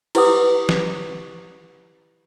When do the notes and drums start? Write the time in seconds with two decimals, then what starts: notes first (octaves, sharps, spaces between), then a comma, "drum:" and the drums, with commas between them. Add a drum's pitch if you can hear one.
0.15 E4 G4 B4 F#5 D6 D#6, drum: cymbal
0.69 drum: snare